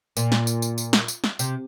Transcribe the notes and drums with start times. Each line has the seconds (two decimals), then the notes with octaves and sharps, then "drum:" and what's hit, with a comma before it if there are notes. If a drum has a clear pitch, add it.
0.17 A#2, drum: tambourine
0.32 drum: snare
0.47 drum: tambourine
0.62 drum: tambourine
0.78 drum: tambourine
0.93 drum: snare
1.08 drum: tambourine
1.24 drum: snare
1.39 C3, drum: tambourine